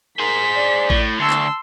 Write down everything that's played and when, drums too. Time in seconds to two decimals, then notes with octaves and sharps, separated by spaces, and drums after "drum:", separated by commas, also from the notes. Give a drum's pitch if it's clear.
0.19 G#4 A#4 C5 B6
0.56 D5
0.90 A2, drum: kick A1
1.19 D2 A5 C6 E6
1.30 drum: clap